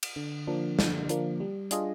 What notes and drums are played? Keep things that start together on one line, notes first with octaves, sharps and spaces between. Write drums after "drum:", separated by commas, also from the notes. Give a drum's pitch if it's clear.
drum: cymbal
D3
F3 A#3 D4
D3, drum: snare
F3 A#3 D4, drum: hi-hat
G3
D4 F4 G#4 D#5, drum: hi-hat